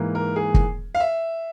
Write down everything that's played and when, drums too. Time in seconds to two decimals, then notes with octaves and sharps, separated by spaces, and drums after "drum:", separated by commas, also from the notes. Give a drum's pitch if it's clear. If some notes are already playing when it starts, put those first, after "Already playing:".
Already playing: G#2 E3 A#3
0.15 A#4
0.36 G#4
0.54 drum: kick
0.95 F5
1.00 E5